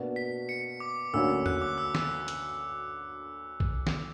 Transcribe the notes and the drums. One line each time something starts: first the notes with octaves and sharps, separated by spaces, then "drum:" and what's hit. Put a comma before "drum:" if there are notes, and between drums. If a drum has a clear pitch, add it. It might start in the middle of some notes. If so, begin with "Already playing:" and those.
Already playing: B2 A#3 D4 F#4
B6
C#7
D6
D2 D3 A#3 C#4 F#4 E6
F#6, drum: tom E2
D6
E6
E6, drum: snare
drum: hi-hat
drum: kick A#1
drum: snare